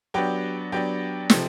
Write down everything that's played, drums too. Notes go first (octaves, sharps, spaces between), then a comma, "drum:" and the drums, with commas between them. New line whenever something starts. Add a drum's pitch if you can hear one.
F#3 B3 D4 G4 G5
F#3 B3 D4 G4 G5
C3 F3 A3 C4, drum: snare